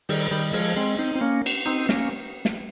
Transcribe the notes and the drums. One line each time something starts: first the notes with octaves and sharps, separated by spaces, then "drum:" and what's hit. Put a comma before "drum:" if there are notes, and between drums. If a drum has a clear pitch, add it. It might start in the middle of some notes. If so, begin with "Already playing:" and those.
D#3 G3, drum: open hi-hat
D#3 G3
F3 G#3, drum: open hi-hat
G#3 C4
C4 D#4
C4
A#3 C#4
drum: cymbal
C4 D#4
A#3 C#4, drum: snare
drum: snare